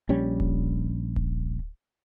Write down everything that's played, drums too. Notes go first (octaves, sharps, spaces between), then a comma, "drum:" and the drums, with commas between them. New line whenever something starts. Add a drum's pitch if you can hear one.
A#1 G3 C#4
drum: kick D1
drum: kick D1